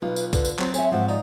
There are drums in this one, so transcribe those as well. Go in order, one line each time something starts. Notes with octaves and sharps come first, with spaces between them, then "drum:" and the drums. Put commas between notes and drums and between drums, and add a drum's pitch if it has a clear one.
B1 F4 B4
drum: tambourine
D3 B4, drum: kick C2, tambourine
drum: tambourine
F#3 C4 C5, drum: clap
C#5 E5 G#5, drum: tambourine
G#2 F3 F#5
D#4 D5